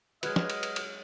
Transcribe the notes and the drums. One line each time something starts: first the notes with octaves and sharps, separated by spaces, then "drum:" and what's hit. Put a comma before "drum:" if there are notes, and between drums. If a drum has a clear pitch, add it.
F#3 G#3 B4 D#5 F6 F#6 G#6, drum: cymbal
drum: snare
drum: cymbal
drum: cymbal
drum: cymbal